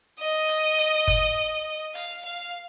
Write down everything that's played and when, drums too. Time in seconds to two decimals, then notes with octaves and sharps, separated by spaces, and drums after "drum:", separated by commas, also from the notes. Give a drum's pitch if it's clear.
0.20 D#5
0.49 drum: hi-hat
0.78 drum: hi-hat
1.08 drum: kick, hi-hat
1.95 F5, drum: hi-hat
2.25 F5